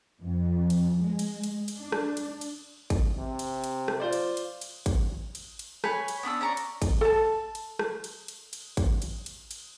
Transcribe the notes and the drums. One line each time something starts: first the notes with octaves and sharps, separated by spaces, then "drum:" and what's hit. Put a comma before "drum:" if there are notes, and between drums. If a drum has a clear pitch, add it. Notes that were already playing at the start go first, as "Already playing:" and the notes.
F2
drum: cymbal
G#3
drum: cymbal
drum: cymbal
drum: cymbal
D4
drum: rim click
drum: cymbal
drum: cymbal
drum: kick G#1, cymbal
C3
drum: cymbal
drum: cymbal
drum: rim click
F4 C5 D5
drum: cymbal
drum: cymbal
drum: cymbal
drum: kick G#1, cymbal
drum: cymbal
drum: cymbal
B4 C#5 G#5, drum: rim click
drum: cymbal
B3 D4 D#6 E6
C#4 D5 A#5 C#6
drum: cymbal
drum: kick G#1, cymbal
A4 A5
drum: cymbal
drum: rim click
drum: cymbal
drum: cymbal
drum: cymbal
drum: kick G#1, cymbal
drum: cymbal
drum: cymbal
drum: cymbal